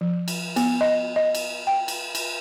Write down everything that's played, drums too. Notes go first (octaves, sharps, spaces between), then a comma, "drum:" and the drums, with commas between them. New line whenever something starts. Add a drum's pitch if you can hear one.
F3
drum: cymbal
B3, drum: cymbal
D#5
D#5
drum: cymbal
G5
drum: cymbal
drum: cymbal